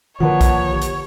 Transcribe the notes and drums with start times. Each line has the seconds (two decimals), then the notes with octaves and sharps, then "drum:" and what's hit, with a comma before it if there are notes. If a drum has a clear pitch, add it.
0.20 D3 D#3 F3 A#3 B4 C#5 F#5 A5
0.41 drum: kick A#1, hi-hat
0.70 G4
0.82 drum: hi-hat